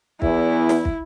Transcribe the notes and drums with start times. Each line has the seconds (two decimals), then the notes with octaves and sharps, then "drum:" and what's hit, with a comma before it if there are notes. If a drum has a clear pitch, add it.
0.22 E2 E4, drum: kick
0.69 drum: snare
0.85 drum: kick